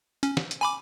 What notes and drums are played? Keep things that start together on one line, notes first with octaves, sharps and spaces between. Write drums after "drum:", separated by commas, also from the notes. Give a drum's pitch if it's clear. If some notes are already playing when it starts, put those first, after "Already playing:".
C#4, drum: hi-hat
drum: snare
drum: hi-hat
G#5 B5 D6